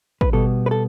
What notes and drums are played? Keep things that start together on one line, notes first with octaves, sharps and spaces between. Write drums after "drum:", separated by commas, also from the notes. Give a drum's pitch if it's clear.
B4, drum: kick
B2 G3 B3 A4
B4
A4